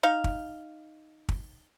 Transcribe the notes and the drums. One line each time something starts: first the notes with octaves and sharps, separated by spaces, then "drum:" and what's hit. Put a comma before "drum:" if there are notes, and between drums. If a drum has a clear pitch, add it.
D#4 F5
drum: kick
drum: kick